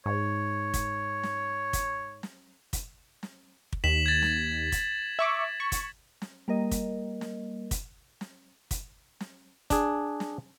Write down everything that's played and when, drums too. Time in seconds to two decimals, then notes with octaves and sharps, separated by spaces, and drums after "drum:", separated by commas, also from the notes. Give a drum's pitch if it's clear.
0.06 G#2 C#5
0.74 drum: kick, hi-hat
1.23 drum: snare
1.73 drum: kick, hi-hat
2.23 drum: snare
2.73 drum: kick, hi-hat
3.23 drum: snare
3.73 drum: kick
3.84 D#2 B6 E7 F#7
4.06 G#6 A6
4.22 drum: snare
4.72 drum: kick, hi-hat
5.19 E5 C#6 D6
5.60 C#6
5.72 drum: kick, hi-hat
6.22 drum: snare
6.48 G3 A#3 A#4 D#5
6.71 drum: kick, hi-hat
7.21 drum: snare
7.71 drum: kick, hi-hat
8.21 drum: snare
8.71 drum: kick, hi-hat
9.20 drum: snare
9.70 D4 G#4, drum: kick, hi-hat
10.20 drum: snare